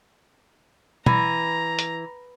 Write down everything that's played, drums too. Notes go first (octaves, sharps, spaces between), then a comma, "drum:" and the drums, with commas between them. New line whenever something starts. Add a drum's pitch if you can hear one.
E3 A#5, drum: tom B2
drum: hi-hat